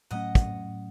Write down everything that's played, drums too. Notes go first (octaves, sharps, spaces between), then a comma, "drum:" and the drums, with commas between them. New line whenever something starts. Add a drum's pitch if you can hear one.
A2 F#3 A3 C#4 D#5 F#5
drum: kick, hi-hat